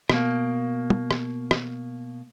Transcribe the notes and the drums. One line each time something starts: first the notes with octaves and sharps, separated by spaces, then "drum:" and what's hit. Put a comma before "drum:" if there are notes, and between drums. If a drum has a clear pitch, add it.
B2 A#3, drum: rim click
drum: tom
drum: rim click
drum: rim click